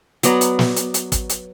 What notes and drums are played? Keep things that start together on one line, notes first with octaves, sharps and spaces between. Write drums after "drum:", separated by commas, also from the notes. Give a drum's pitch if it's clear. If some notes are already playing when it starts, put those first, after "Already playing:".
F#3 B3 D5 A#5, drum: hi-hat
drum: hi-hat
drum: snare
drum: hi-hat
drum: hi-hat
drum: kick, hi-hat
drum: hi-hat